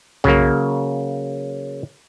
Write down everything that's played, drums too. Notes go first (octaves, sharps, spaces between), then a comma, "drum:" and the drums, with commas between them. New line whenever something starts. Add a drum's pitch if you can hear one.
C#3 F#3 A#3, drum: tom B1